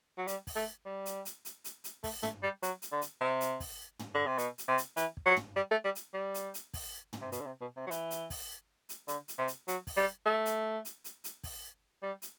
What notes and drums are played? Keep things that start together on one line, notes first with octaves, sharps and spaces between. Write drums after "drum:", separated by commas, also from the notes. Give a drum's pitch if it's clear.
F#3
G3, drum: hi-hat
drum: kick, open hi-hat
A3
G3
drum: hi-hat
drum: hi-hat
drum: hi-hat
drum: hi-hat
drum: hi-hat
A3, drum: kick, open hi-hat
A3, drum: tom
G3
F#3, drum: hi-hat
drum: hi-hat
D3
drum: hi-hat
C3
drum: hi-hat
drum: kick, open hi-hat
drum: tom
D3
C3
B2, drum: hi-hat
drum: hi-hat
C3
drum: hi-hat
E3, drum: hi-hat
drum: kick
F#3
drum: tom
G3
A3
G3
drum: hi-hat
G3
drum: hi-hat
drum: hi-hat
drum: kick, open hi-hat
drum: tom
C3
B2, drum: hi-hat
D3
C3
B2
C3
F#3
E3, drum: hi-hat
drum: hi-hat
drum: kick, open hi-hat
drum: hi-hat
D3, drum: hi-hat
drum: hi-hat
C3
drum: hi-hat
F#3, drum: hi-hat
drum: kick, open hi-hat
G3
A3
drum: hi-hat
drum: hi-hat
drum: hi-hat
drum: hi-hat
drum: kick, open hi-hat
G3
drum: hi-hat